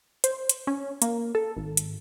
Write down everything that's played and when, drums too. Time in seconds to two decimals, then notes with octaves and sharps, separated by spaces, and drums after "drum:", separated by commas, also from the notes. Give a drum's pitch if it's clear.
0.24 C5, drum: hi-hat
0.49 drum: hi-hat
0.67 C#4
1.02 A#3, drum: hi-hat
1.35 A4
1.57 G#1
1.77 drum: hi-hat